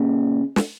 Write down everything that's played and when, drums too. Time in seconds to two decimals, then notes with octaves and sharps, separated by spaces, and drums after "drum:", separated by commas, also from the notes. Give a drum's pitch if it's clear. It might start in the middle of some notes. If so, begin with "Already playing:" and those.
Already playing: A#2 C#3
0.56 drum: snare